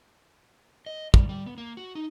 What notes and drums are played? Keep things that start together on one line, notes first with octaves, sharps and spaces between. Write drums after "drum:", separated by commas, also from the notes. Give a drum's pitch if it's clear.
D#5
G3, drum: kick
G3
B3
A#3
F#4
D#4